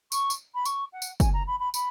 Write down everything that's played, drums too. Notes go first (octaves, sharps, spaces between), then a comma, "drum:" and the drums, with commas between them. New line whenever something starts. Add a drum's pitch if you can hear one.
C#6, drum: tambourine
drum: tambourine
B5
C#6, drum: tambourine
F#5
drum: tambourine
G#5, drum: kick, tambourine
A#5
B5
B5
B5, drum: tambourine